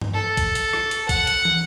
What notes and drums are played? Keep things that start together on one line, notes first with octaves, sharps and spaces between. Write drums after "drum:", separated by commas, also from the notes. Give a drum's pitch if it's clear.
drum: tom G2
A4
drum: kick A#1, hi-hat
drum: hi-hat
drum: rim click
drum: hi-hat
F#5, drum: kick A#1, hi-hat
drum: hi-hat
drum: tom